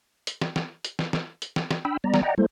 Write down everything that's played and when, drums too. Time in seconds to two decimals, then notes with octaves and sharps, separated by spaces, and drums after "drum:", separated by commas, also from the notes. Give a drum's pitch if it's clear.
0.27 drum: hi-hat
0.42 drum: snare
0.56 drum: snare
0.85 drum: hi-hat
0.99 drum: snare
1.13 drum: snare
1.42 drum: hi-hat
1.56 drum: snare
1.71 drum: snare
1.85 D4 G5 B5 E6
2.04 G3 B3 D5 A#5
2.14 drum: snare
2.23 D5 D#5 F#5 G5 A#5
2.38 G3 G#3 A#3 E4 A4 C5